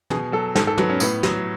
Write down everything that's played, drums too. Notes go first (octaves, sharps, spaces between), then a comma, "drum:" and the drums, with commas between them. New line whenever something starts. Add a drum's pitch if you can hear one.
B2 G#4, drum: tom
F#3 A4
G#2 A4, drum: snare
A4
F#3 B3, drum: tom
C#4
A2 B3, drum: tambourine
F#3, drum: snare